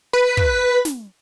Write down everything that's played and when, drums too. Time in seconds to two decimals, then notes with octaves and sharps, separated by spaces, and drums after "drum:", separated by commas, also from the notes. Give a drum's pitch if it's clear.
0.13 B4
0.37 drum: kick
0.85 drum: snare